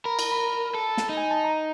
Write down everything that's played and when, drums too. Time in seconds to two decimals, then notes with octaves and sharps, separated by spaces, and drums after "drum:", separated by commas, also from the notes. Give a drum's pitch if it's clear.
0.05 A#4 B5
0.19 A#5, drum: cymbal
0.32 B5
0.75 A4
0.97 drum: snare
1.09 D#4
1.17 G#5
1.31 A5
1.44 A#5